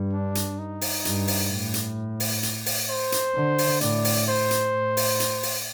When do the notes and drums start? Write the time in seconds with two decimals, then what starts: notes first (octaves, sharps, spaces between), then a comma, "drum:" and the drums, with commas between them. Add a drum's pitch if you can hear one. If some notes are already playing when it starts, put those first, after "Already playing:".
Already playing: G2
0.13 D4
0.35 drum: hi-hat
0.59 D#4
0.81 drum: open hi-hat
1.05 G2, drum: hi-hat
1.28 drum: open hi-hat
1.51 A2
1.74 drum: hi-hat
2.20 drum: open hi-hat
2.43 drum: hi-hat
2.66 drum: open hi-hat
2.89 C5
3.12 drum: hi-hat
3.35 D3
3.58 drum: open hi-hat
3.81 A2 D5, drum: hi-hat
4.05 drum: open hi-hat
4.28 C5
4.51 drum: hi-hat
4.73 A2
4.97 drum: open hi-hat
5.20 drum: hi-hat
5.43 drum: open hi-hat